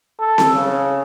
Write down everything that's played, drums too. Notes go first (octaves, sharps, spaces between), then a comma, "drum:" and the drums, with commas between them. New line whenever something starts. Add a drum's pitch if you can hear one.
A4
drum: snare C4
C#3